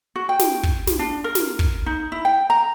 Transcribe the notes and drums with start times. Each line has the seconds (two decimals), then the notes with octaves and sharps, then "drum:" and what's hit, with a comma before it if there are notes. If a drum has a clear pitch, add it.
0.16 F#4
0.29 G5
0.39 drum: snare
0.63 drum: kick
0.87 drum: snare
0.99 D4
1.24 A#4
1.35 drum: snare
1.59 drum: kick
1.86 D#4
2.12 E4
2.25 G5
2.50 A#5